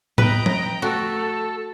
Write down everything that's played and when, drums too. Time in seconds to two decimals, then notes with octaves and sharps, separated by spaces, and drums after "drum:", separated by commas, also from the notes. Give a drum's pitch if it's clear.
0.18 B4 D#5 G5 A#5, drum: tom A2
0.46 drum: tom F3
0.82 A3 F#4 A4